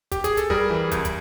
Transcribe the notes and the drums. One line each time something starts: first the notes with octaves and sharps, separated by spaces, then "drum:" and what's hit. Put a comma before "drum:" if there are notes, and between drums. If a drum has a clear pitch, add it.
G4, drum: kick, hi-hat
G#4, drum: kick, hi-hat
A4, drum: hi-hat
G3 G#4 A#4, drum: kick
E3
C2, drum: kick, hi-hat
drum: kick, hi-hat